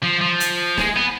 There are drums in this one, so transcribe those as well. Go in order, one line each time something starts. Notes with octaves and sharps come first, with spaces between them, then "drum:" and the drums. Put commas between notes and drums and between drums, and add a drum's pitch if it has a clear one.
F3
F3
drum: hi-hat
G#3, drum: snare
B3